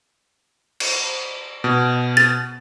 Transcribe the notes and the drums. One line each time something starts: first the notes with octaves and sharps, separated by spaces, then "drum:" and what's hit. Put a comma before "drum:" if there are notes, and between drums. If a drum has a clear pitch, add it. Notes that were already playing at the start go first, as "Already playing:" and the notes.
drum: cymbal
B2
A6